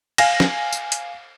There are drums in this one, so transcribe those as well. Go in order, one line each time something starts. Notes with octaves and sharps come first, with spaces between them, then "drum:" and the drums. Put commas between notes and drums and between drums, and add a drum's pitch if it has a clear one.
F5 G#5 A#6, drum: cymbal
drum: snare
drum: tambourine
drum: hi-hat